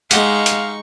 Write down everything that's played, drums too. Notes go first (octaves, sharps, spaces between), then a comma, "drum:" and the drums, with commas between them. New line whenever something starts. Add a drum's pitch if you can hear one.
G#3 D#4 G4 F5 F#5 C#6, drum: hi-hat
drum: hi-hat